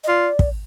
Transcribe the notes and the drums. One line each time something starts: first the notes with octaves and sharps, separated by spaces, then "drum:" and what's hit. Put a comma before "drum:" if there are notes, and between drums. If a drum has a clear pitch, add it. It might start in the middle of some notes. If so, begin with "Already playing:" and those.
D#5
F4 D5
drum: kick